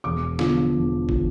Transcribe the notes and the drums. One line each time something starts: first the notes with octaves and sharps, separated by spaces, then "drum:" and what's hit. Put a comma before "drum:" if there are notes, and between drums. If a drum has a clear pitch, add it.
E1 D6
E2 D3 F3, drum: snare
E1
D3 F3, drum: kick